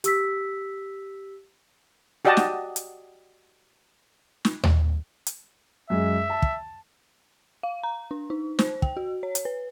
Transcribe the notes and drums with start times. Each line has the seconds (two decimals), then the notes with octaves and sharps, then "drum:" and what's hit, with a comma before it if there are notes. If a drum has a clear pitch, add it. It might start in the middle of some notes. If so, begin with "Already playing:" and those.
0.04 G4 E6 B6, drum: hi-hat
2.25 F#4 G4 D5 D#5 F#5 A5
2.37 drum: snare
2.76 drum: hi-hat
4.45 drum: snare
4.63 drum: tom D#2
5.26 drum: hi-hat
5.90 F#2 G#3 E5
6.30 A5
6.42 drum: kick
7.63 F5
7.83 A#5
8.11 D4
8.30 D#4
8.59 C5, drum: snare
8.82 G5, drum: kick
8.97 F#4
9.23 C#5
9.35 drum: hi-hat
9.45 B4